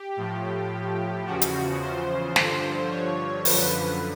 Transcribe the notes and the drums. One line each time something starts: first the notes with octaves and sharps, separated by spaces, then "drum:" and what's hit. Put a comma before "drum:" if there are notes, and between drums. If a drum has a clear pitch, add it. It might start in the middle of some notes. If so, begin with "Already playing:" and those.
Already playing: G4
A2 F3
E2 C#3 F3 F#4
drum: hi-hat
C5
G2 D3 F3 C5, drum: snare
C#5
F#2 D3 F3 B4, drum: open hi-hat